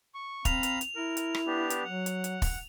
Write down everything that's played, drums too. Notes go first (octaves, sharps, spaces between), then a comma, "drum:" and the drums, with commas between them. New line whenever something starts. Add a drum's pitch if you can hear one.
C#6
C4 F5 A#5 B5 F7, drum: kick, hi-hat
drum: hi-hat
drum: hi-hat
E4 A#4
drum: hi-hat
drum: rim click
B3 D4 G4
drum: hi-hat
F#3 F#5
drum: hi-hat
drum: hi-hat
drum: kick, open hi-hat